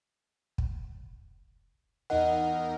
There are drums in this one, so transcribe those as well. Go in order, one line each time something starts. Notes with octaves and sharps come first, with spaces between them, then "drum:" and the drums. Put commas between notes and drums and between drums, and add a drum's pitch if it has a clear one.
drum: kick
E2 D#4 A#4 D#5 F#5